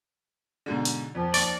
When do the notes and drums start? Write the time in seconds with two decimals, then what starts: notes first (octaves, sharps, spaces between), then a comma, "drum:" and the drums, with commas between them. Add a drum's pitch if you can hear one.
0.66 G#2 B2 D3
0.85 drum: hi-hat
1.15 F2 F3
1.34 D#2 D5, drum: open hi-hat